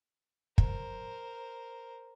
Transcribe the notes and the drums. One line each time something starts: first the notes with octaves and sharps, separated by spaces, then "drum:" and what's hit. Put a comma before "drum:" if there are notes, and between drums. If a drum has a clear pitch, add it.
A#4 C5, drum: kick